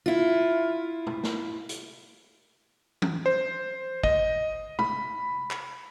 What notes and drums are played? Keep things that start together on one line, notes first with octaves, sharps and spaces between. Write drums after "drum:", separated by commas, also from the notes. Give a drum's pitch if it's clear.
E4 F4
drum: tom
drum: snare
drum: hi-hat
drum: tom E3
C5
D#5, drum: kick
B5, drum: tom
drum: clap